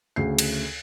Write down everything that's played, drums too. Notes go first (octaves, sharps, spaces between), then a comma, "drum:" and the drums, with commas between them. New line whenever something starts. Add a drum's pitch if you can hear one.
D2 C#3 C7
drum: cymbal